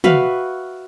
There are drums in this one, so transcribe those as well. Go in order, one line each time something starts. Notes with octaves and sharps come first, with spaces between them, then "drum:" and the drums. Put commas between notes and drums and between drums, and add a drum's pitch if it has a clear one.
F#4 B4 E5 F5, drum: tom